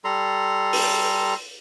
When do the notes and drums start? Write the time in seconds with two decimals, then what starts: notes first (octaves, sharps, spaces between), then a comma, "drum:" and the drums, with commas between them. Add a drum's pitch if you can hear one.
0.04 G3 A4 A#5 C6
0.73 drum: open hi-hat